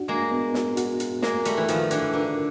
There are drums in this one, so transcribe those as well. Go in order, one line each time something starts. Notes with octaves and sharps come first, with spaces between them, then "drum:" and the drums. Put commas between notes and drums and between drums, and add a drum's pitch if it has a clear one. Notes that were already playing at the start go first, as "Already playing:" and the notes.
Already playing: D4 F#4
G#3 A#3
B3
drum: snare
F#4, drum: hi-hat
drum: hi-hat
G#3 A#3 A#4, drum: snare
G3 A3, drum: hi-hat
E3
D#3 F3 F4, drum: hi-hat
D3 E3, drum: hi-hat
D3 A#4